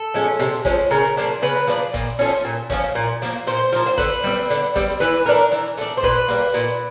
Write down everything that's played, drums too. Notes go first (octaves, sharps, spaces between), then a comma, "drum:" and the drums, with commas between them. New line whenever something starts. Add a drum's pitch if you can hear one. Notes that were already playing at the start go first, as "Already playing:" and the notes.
Already playing: A4
F3 G#3 C#4
C3, drum: hi-hat
F3 G#3 C#4, drum: kick G1, hi-hat
C#3 A#4, drum: hi-hat
F3 A#3 D4, drum: hi-hat
C#3 B4, drum: hi-hat
F3 A#3 D4, drum: hi-hat
A#2, drum: kick G1, hi-hat
F3 A3 C#4, drum: open hi-hat
A#2
F3 A3 C#4, drum: kick G1, hi-hat
A#2
F3 A#3, drum: hi-hat
A#2 C5, drum: hi-hat
F3 A#3, drum: hi-hat
C5
D3 B4, drum: kick G1, hi-hat
G3 C4, drum: open hi-hat
D3, drum: hi-hat
G3 C4, drum: kick G1, hi-hat
E3 B4, drum: hi-hat
A3 D4 A#4
E3, drum: hi-hat
A3 D4, drum: hi-hat
C5
A#2 B4, drum: kick G1
G3 A#3, drum: open hi-hat
A#2, drum: hi-hat